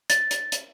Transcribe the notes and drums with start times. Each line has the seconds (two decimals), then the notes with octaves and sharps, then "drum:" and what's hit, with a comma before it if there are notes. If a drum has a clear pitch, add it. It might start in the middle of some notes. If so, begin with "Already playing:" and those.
0.10 A6, drum: hi-hat
0.31 drum: hi-hat
0.52 drum: hi-hat